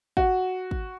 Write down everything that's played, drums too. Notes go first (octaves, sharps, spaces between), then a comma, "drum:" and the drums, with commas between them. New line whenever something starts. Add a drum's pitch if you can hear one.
F#4, drum: kick
drum: kick